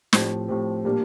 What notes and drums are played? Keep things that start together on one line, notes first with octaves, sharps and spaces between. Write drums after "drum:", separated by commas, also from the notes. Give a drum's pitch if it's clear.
A2 F3 C4 G4, drum: snare
A2 F3 C4 G4
A#2 G3 A#3 D4 G4